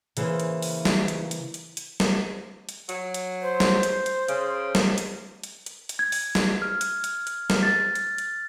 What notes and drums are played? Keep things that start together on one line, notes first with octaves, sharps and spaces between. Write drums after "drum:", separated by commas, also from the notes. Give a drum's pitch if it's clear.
C#3 E3 A#3 E4 C5, drum: hi-hat
drum: hi-hat
drum: open hi-hat
drum: snare
drum: hi-hat
drum: hi-hat
drum: hi-hat
drum: hi-hat
drum: snare
drum: hi-hat
F#3, drum: hi-hat
drum: hi-hat
C5
drum: snare
drum: hi-hat
drum: hi-hat
C#3, drum: hi-hat
drum: snare
drum: hi-hat
drum: hi-hat
drum: hi-hat
drum: hi-hat
G#6
drum: open hi-hat
drum: snare
F6
drum: hi-hat
drum: hi-hat
drum: hi-hat
drum: snare
A6
drum: hi-hat
drum: hi-hat